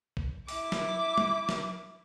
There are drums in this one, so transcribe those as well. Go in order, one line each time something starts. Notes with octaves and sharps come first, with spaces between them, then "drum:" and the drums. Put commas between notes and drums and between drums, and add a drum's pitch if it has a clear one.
drum: kick
E4 D6, drum: open hi-hat
drum: snare
drum: tom G3
drum: snare